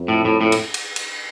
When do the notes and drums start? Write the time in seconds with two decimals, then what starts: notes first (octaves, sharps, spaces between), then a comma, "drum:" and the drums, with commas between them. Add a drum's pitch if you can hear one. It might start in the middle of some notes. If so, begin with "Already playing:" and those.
Already playing: F2
0.08 A2
0.25 A2
0.41 A2
0.52 drum: cymbal
0.74 drum: cymbal
0.96 drum: cymbal